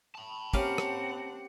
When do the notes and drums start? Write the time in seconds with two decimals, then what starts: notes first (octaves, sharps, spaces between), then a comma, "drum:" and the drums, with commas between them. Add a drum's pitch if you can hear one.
0.15 A5 B5
0.54 A#3 C4 C#4 G4 F5 F#5, drum: kick
0.78 drum: rim click